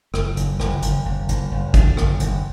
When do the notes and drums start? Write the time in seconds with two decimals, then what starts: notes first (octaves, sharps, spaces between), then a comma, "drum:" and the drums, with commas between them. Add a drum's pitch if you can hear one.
0.14 F#1, drum: rim click
0.37 F#1, drum: hi-hat
0.60 F#1, drum: rim click
0.82 F#1, drum: hi-hat
1.06 F#1
1.29 F#1, drum: hi-hat
1.51 F#1
1.74 D3, drum: kick, hi-hat
1.97 F#1, drum: rim click
2.20 F#1, drum: hi-hat